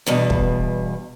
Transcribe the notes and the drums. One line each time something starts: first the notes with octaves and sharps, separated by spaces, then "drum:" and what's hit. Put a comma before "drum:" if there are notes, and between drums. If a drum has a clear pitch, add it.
E2 G2 B2
drum: kick